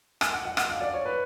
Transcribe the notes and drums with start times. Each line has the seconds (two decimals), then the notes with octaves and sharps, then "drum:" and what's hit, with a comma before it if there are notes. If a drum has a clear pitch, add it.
0.21 G#5, drum: rim click
0.33 F#5
0.45 F#5
0.57 F#5, drum: rim click
0.70 F5
0.81 D5
0.94 C#5
1.05 B4